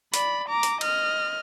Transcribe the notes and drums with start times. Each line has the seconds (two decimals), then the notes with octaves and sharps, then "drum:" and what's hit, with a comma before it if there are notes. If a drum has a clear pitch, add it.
0.14 D5 B5, drum: hi-hat
0.48 A#5 D6
0.63 drum: hi-hat
0.81 D#5 F6, drum: cymbal